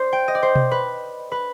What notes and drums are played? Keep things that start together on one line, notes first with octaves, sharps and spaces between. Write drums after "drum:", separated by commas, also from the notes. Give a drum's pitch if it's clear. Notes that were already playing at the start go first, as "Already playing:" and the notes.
Already playing: C5 D5
G5
D#5
D5
C5
drum: tom B2
B4
B4